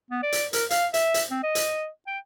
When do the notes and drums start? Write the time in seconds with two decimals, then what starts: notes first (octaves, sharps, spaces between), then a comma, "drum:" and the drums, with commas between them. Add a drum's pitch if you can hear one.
0.11 B3
0.23 D5
0.32 drum: hi-hat
0.53 A#4, drum: hi-hat
0.70 F5, drum: hi-hat
0.94 E5, drum: hi-hat
1.14 drum: hi-hat
1.31 C4
1.43 D#5
1.55 drum: hi-hat
2.07 G5